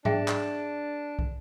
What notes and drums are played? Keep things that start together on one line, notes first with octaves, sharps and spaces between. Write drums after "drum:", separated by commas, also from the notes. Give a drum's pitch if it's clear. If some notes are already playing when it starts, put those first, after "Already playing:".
D4 G#4 E5 G5, drum: tom G#2
drum: clap
drum: kick